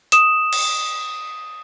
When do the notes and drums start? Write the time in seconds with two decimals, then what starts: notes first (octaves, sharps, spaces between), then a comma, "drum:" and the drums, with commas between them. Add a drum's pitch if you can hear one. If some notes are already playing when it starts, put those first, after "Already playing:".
0.12 D#6 E7, drum: hi-hat
0.53 drum: cymbal